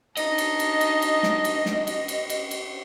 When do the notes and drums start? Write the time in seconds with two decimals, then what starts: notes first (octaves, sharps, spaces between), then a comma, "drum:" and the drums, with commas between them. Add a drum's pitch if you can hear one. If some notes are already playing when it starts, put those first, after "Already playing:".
0.17 D4 D#4 D#5, drum: cymbal
0.38 drum: cymbal
0.59 drum: cymbal
0.81 drum: cymbal
1.02 drum: cymbal
1.23 drum: snare
1.44 drum: cymbal
1.66 drum: snare
1.87 drum: cymbal
2.08 drum: cymbal
2.30 drum: cymbal
2.51 drum: cymbal